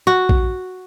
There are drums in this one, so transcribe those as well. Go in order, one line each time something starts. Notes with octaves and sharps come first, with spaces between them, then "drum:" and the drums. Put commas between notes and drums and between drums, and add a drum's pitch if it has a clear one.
F#4
drum: kick A#1